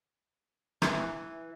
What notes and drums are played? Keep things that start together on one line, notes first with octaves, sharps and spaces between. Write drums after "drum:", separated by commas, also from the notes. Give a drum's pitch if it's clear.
E3, drum: rim click